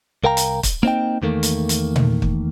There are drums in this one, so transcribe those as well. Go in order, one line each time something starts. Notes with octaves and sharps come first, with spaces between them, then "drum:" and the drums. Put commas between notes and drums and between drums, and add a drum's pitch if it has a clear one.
C2 A#4 F5 G5 A#5
drum: hi-hat
drum: kick, hi-hat
A#3 C4 D#4 G5
E2 D#3 A3 A#3
drum: hi-hat
drum: hi-hat
drum: tom A#2
drum: kick